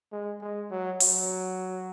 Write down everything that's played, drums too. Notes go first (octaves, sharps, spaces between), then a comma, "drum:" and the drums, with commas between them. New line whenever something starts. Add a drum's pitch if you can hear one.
G#3
G#3
F#3
F#3, drum: open hi-hat